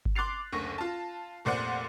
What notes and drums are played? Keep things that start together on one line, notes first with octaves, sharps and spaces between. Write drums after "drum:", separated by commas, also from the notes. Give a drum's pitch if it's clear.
drum: kick G1
C6 D6 F#6 A6 C7 F7
F#1 D2 C#6 A#6
F4 A5
F1 A#2 C5 D5 F#5